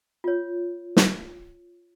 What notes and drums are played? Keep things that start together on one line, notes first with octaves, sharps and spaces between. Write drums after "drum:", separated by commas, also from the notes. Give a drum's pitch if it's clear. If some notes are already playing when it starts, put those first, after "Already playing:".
F4 C#5
drum: snare